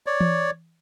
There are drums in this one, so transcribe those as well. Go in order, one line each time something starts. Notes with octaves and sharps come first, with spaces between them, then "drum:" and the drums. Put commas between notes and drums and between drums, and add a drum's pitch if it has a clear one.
C#5 D5
drum: tom E3